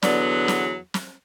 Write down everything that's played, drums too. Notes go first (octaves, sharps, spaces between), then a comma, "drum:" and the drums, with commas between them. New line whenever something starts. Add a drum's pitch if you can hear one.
E2 D3 F#3 B3 D5, drum: snare
drum: snare
drum: snare